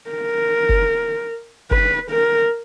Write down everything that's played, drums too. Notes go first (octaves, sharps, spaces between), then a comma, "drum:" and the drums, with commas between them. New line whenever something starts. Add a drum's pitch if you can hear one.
A#4
drum: kick F#1
B4, drum: kick F#1
A#4